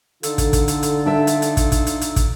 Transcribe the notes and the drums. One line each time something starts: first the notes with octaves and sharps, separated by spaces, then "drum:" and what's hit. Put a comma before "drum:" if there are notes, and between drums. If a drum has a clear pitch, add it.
D3 D#4 F4 A4, drum: hi-hat
drum: kick, hi-hat
drum: kick, hi-hat
drum: hi-hat
drum: hi-hat
D4 E5 G5
drum: hi-hat
drum: hi-hat
drum: kick, hi-hat
drum: kick, hi-hat
drum: hi-hat
drum: hi-hat
drum: kick, hi-hat